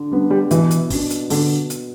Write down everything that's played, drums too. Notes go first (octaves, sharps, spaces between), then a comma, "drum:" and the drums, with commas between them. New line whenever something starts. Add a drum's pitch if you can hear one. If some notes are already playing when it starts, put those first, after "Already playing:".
Already playing: D3
G3 B3 D4
G3
B2 E3, drum: hi-hat
drum: hi-hat
B3 D4, drum: kick, open hi-hat
drum: hi-hat
B2 D3, drum: open hi-hat
drum: hi-hat